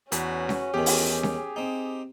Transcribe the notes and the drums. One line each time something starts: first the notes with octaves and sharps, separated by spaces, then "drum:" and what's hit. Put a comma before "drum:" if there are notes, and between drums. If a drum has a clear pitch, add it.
E2 C#4 F#4 B4, drum: hi-hat
drum: snare C#4
E2 D#3 G4 G#4
drum: open hi-hat
drum: snare C#4
C4 D#4